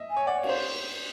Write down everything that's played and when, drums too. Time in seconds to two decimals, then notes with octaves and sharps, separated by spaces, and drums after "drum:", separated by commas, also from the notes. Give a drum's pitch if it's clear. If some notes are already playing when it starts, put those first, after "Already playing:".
Already playing: D#5 E5
0.10 G#5
0.17 C#5
0.27 D5 F#5
0.38 C#5
0.43 F5, drum: cymbal
0.49 C5